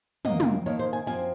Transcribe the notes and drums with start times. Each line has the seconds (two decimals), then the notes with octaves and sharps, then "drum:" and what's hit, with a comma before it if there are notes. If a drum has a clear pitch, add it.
0.25 F#2 D#3 A#3 D#5, drum: tom
0.40 drum: tom
0.66 F2 D#3 A#3 C#5
0.79 C5
0.93 G#5
1.06 F#2 F3 C4 G#5